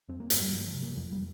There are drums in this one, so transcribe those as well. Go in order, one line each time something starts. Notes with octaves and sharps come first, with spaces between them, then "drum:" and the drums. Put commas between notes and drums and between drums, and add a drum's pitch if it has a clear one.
F2 C4
A#3
G1 A#3, drum: hi-hat
G3
G1 F3
F3
C3
A#3
F2 F3
G3